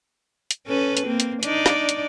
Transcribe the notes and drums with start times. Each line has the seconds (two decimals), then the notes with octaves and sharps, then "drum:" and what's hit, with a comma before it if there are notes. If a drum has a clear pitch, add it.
0.51 drum: hi-hat
0.67 C#4 A4 B4
0.97 drum: hi-hat
1.07 A#3 C4
1.20 drum: hi-hat
1.43 D4 D#4 D5, drum: hi-hat
1.66 drum: snare
1.89 drum: hi-hat